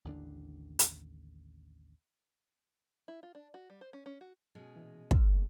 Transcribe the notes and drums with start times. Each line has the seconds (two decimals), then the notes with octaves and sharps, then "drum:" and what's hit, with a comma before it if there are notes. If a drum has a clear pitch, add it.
0.05 A1 D#2 D3 D4
0.79 drum: hi-hat
3.08 E4
3.23 F4
3.35 D4
3.54 F#4
3.70 G3
3.81 C5
3.93 C#4
4.06 C#4
4.21 F#4
4.55 B2 G#3 C#4
4.76 A#2 E3
5.11 C6 E6 F6, drum: kick
5.34 F#3 A3 A#3